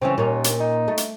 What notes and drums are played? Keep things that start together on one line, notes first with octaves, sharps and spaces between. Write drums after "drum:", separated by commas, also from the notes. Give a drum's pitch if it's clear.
C#3 E3 C4 C#4
D#2 A#2 C#4
drum: hi-hat
D#4
A3
drum: hi-hat